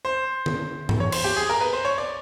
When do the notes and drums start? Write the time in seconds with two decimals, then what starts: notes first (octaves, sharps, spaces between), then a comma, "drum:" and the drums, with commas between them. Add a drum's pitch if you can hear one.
0.05 C5
0.46 drum: tom D3
0.89 drum: tom G#2
1.00 C#5
1.12 C5, drum: cymbal
1.24 G4
1.36 G#4
1.49 A#4
1.61 B4
1.73 C5
1.85 C#5
1.98 D5